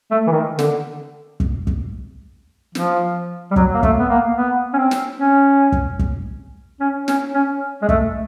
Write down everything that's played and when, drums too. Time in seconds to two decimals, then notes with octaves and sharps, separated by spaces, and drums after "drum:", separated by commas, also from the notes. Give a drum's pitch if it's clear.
0.11 A3
0.27 E3
0.32 D#3
0.59 D3, drum: snare
1.40 drum: kick
1.67 drum: kick
2.75 F3, drum: snare
3.51 G3
3.56 F#3, drum: kick
3.74 A#3
3.83 A3, drum: kick
3.99 B3
4.10 A#3
4.37 B3
4.74 C#4
4.78 C4
4.91 drum: snare
5.18 C#4
5.72 drum: kick
5.99 drum: kick
6.81 C#4
7.08 C#4, drum: snare
7.35 C#4
7.82 G#3
7.89 A3, drum: kick